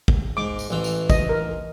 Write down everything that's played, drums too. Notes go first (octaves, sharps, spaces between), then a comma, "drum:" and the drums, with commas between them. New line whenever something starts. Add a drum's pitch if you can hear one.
drum: kick
G#2 D6
drum: tambourine
A1 E3
drum: tambourine
D#5, drum: kick, tambourine
A#4